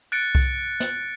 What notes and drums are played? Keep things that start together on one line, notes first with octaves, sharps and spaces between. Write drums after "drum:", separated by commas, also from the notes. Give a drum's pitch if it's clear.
F#6 A6 C#7 D7
drum: kick C2
drum: snare